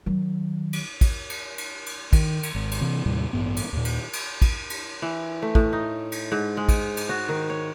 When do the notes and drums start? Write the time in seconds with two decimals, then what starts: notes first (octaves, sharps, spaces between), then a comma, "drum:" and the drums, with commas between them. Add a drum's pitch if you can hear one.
0.06 D#3 F#3
0.73 drum: cymbal
1.01 drum: kick, cymbal
1.30 drum: cymbal
1.58 drum: cymbal
1.86 drum: cymbal
2.13 D#3, drum: kick, cymbal
2.43 drum: cymbal
2.55 G#1
2.71 drum: cymbal
2.81 C3 E3
3.06 D#2 A2 C3 G3
3.33 A1 G2 B3
3.57 drum: cymbal
3.73 D#2 A#2
3.85 drum: cymbal
4.13 drum: cymbal
4.42 drum: kick, cymbal
4.70 drum: cymbal
5.02 E3
5.42 A3
5.55 A2, drum: kick
5.73 D#4
6.12 drum: cymbal
6.32 G#2
6.57 G#3
6.69 drum: kick, cymbal
6.97 drum: cymbal
7.09 F#4
7.29 D#3
7.50 C#5